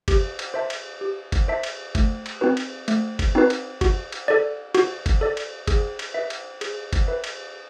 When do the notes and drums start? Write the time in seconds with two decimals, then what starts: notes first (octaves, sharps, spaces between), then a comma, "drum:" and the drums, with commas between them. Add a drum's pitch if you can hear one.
0.08 G4, drum: kick G1, cymbal
0.39 drum: cymbal
0.54 C5 E5 A5
0.70 drum: cymbal
1.01 G4
1.32 drum: kick G1, cymbal
1.48 C5 E5 A5
1.63 drum: cymbal
1.95 A3, drum: kick G1, cymbal
2.26 drum: cymbal
2.41 C4 D#4 F#4 B4
2.57 drum: cymbal
2.88 A3, drum: cymbal
3.19 drum: kick G1, cymbal
3.35 C4 D#4 F#4 B4
3.50 drum: cymbal
3.81 F#4, drum: kick G1, cymbal
4.12 drum: cymbal
4.28 A4 D5
4.75 F#4, drum: cymbal
5.06 drum: kick G1, cymbal
5.21 A4 D5
5.37 drum: cymbal
5.67 G#4, drum: kick G1, cymbal
5.99 drum: cymbal
6.14 B4 E5
6.30 drum: cymbal
6.61 G#4, drum: cymbal
6.93 drum: kick G1, cymbal
7.08 B4 E5
7.24 drum: cymbal